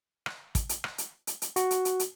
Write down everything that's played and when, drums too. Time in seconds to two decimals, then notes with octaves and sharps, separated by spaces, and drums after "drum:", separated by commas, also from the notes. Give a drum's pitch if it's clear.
0.26 drum: rim click
0.55 drum: kick, hi-hat
0.69 drum: hi-hat
0.84 drum: rim click
0.98 drum: hi-hat
1.27 drum: hi-hat
1.42 drum: hi-hat
1.56 F#4, drum: hi-hat
1.71 drum: hi-hat
1.85 drum: hi-hat
1.99 drum: hi-hat